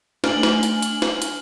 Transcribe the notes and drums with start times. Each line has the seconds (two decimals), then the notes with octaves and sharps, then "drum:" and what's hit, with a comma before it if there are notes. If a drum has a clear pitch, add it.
0.24 A3 D4 G#5 F6 F#7, drum: snare
0.43 drum: snare
0.63 drum: hi-hat
0.82 drum: hi-hat
1.02 drum: snare
1.22 drum: hi-hat